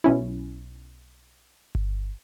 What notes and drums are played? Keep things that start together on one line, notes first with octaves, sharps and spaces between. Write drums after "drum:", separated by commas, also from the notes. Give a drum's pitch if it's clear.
B1 C#4 E4
drum: kick G1